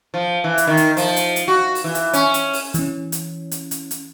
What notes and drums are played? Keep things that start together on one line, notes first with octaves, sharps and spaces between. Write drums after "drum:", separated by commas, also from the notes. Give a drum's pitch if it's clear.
F3
E3
drum: hi-hat
D#3
drum: hi-hat
F3, drum: open hi-hat
drum: hi-hat
drum: hi-hat
F#4
drum: open hi-hat
E3
drum: hi-hat
C#4, drum: hi-hat
drum: hi-hat
drum: open hi-hat
E3 C#4, drum: hi-hat
drum: hi-hat
drum: hi-hat
drum: hi-hat
drum: hi-hat